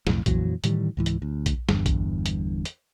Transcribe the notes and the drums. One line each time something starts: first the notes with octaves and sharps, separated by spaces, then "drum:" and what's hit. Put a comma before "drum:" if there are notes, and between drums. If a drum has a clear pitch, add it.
B1 F2 A2, drum: snare
F2 A#2 E3 F#3, drum: kick A#1, hi-hat
A2 D#3 E3 G3, drum: hi-hat
C#2 G#2 E3
drum: hi-hat
D2
drum: kick A#1, hi-hat
G1 E2 G2, drum: snare
drum: kick A#1, hi-hat
drum: hi-hat
drum: hi-hat